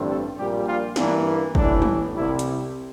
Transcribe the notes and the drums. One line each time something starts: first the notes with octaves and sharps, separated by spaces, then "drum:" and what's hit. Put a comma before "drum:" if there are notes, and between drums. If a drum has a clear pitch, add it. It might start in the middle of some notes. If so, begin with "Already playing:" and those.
Already playing: A1 G2 D3 A3 C4
A4
A#1 A#2 G3 G4
F4
G2 E3 A#3 D4, drum: snare
A1 A2 E3 D4, drum: kick
drum: tom
C2 C3 G3 E4
drum: hi-hat